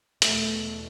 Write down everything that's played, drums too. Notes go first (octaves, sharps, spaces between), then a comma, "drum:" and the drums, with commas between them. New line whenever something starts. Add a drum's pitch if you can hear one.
E2 B2 A3, drum: hi-hat